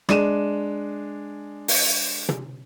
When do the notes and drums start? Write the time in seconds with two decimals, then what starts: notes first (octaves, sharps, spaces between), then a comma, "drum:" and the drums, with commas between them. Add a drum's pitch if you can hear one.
0.09 G#3 D4 D#7 E7, drum: rim click
1.68 drum: open hi-hat
2.29 drum: tom